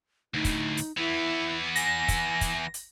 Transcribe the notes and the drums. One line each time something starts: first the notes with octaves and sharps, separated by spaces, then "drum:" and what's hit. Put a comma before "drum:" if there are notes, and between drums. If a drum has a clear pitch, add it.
D2 A2 D#4
drum: kick, hi-hat
drum: hi-hat
E3 B3 E4
G#5 A#6, drum: hi-hat
drum: kick, hi-hat
drum: kick, hi-hat
drum: hi-hat